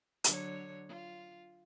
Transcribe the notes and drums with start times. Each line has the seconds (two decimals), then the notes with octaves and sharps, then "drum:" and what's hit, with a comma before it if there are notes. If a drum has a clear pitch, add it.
0.24 D3 F#3 C#5, drum: hi-hat
0.88 F4